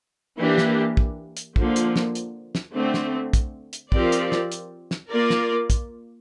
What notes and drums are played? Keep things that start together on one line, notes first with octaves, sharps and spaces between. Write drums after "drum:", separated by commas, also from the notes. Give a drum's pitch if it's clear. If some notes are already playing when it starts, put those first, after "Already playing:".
E3 A#3 D4 G4
drum: snare
drum: kick
drum: hi-hat
D3 F3 A#3, drum: kick
drum: hi-hat
drum: snare
drum: hi-hat
drum: snare
D3 A3 C4
drum: snare
drum: kick, hi-hat
drum: hi-hat
F3 C4 G4 A#4 D5, drum: kick
drum: hi-hat
drum: snare
drum: hi-hat
drum: snare
A#3 F4 A#4 D5
drum: snare
drum: kick, hi-hat